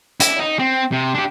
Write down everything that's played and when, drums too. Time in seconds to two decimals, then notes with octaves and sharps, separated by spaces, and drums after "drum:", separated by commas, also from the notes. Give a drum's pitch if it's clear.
0.20 E4, drum: hi-hat
0.39 D#4
0.59 C4
0.92 C3
1.15 D4 G4